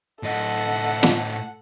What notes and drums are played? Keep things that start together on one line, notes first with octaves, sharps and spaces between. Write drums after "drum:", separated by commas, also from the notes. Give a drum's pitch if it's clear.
A2 A4 D#5 F#5
drum: snare